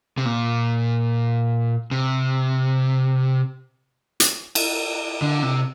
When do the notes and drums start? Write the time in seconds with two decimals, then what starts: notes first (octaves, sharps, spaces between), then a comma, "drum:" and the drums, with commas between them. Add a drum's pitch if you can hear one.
0.18 C3
0.25 A#2
1.91 C3
4.20 drum: hi-hat
4.55 drum: cymbal
5.22 D3
5.43 C3